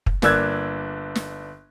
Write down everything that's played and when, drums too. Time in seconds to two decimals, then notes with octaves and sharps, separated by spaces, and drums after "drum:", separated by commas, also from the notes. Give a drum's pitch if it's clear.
0.06 drum: kick
0.22 G1 A#3 D4 E6 F#6 G#6, drum: snare
1.15 drum: snare